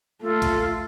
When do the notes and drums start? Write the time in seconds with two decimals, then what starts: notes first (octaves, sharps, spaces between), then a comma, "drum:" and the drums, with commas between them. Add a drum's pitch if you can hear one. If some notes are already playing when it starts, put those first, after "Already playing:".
0.22 A3 F4 A4
0.42 drum: kick, hi-hat